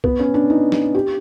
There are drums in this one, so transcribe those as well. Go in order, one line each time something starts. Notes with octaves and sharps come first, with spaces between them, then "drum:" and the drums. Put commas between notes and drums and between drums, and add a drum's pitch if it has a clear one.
B3, drum: kick C2
C#4
D4
D#4
drum: snare
G4